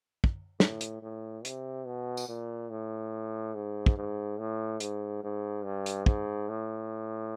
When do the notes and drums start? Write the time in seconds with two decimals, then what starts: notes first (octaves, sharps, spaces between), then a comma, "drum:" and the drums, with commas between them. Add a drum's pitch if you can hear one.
0.24 drum: kick
0.60 A2, drum: snare
0.81 drum: hi-hat
1.03 A2
1.45 C3, drum: hi-hat
1.86 B2
2.17 drum: tambourine
2.29 A#2
2.70 A2
3.55 G#2
3.86 drum: kick
3.97 G#2
4.39 A2
4.80 G#2, drum: hi-hat
5.24 G#2
5.64 G2
5.86 drum: hi-hat
6.06 G#2, drum: kick
6.49 A2